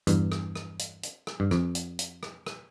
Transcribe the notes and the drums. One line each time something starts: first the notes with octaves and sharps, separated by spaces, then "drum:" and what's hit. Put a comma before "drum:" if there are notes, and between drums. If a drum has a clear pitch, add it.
E2 G2, drum: hi-hat
drum: rim click
drum: rim click
drum: hi-hat
drum: hi-hat
drum: rim click
G2
F2, drum: rim click
drum: hi-hat
drum: hi-hat
drum: rim click
drum: rim click